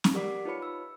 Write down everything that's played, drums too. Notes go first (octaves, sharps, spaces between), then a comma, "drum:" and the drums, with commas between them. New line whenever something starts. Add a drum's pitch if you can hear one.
drum: snare
G4 A#4 D5 F#5 D6 B6
D#4 F4 B4 C#5 B5 C#7
E6